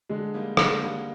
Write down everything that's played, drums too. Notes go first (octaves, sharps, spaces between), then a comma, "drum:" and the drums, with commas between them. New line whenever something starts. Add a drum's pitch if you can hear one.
D3 G#3
G3 A#3 D#4
D3, drum: rim click
G3 A#3 D#4